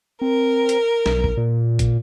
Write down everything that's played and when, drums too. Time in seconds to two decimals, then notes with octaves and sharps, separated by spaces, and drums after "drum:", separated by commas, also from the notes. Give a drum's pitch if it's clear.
0.21 C4 A#4
0.69 drum: hi-hat
1.06 B1, drum: snare
1.24 drum: kick
1.37 A#2
1.79 drum: kick, hi-hat